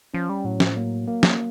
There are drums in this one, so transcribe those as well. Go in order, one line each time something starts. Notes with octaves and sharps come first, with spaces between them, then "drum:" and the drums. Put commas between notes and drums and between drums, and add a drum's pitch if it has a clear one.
F3 C#4
G3
A2 F#3
F3, drum: snare
F#3 A#3
A#3
drum: snare